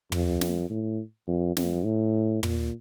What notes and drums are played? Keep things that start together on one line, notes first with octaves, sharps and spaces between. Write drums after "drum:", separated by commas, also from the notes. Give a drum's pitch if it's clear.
F2, drum: tom
drum: snare
A2
F2
F2, drum: snare
A2
A#2, drum: tom